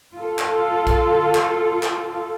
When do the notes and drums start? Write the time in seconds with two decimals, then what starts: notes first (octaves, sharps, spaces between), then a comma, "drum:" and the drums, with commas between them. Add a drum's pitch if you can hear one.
0.15 F4 A4
0.39 drum: clap
0.87 drum: kick, hi-hat
1.35 drum: clap
1.83 drum: clap